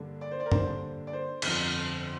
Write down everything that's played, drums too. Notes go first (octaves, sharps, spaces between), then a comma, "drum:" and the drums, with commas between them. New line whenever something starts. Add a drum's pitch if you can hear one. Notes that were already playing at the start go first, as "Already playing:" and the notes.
Already playing: G2 D3 A#3 D4
D5
C5
D5
A#4
G2 D3 A#3 D4 C5, drum: tom G2
D5
C5
G1 F2 D3, drum: cymbal